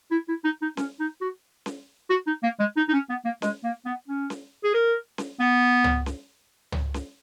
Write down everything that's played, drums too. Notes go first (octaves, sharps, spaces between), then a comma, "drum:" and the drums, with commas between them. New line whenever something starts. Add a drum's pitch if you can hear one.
E4
E4
D#4
D#4
C#4, drum: snare C#4
D#4
F#4
drum: snare C#4
F#4
D#4
A#3
G#3
D#4
D#4
C#4
B3
A#3
G#3, drum: snare C#4
A#3
B3
C#4
drum: snare C#4
G#4
A#4
drum: snare C#4
B3
drum: tom C#2
drum: snare C#4
drum: tom C#2
drum: snare C#4